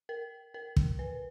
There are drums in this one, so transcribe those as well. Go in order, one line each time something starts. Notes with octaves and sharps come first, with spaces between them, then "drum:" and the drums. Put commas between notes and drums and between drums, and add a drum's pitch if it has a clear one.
A#4
A#4
drum: kick
B4